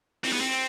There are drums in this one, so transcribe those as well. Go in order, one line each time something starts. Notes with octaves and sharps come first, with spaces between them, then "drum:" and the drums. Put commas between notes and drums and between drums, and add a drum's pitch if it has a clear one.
C4, drum: open hi-hat
B3
C4